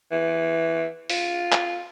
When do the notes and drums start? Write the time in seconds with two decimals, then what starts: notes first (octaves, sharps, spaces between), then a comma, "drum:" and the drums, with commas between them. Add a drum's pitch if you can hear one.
0.11 E3
1.10 F4, drum: open hi-hat
1.52 drum: clap